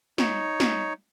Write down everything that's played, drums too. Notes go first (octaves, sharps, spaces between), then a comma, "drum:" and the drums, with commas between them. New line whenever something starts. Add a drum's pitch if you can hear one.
D#4 C#5, drum: snare
drum: snare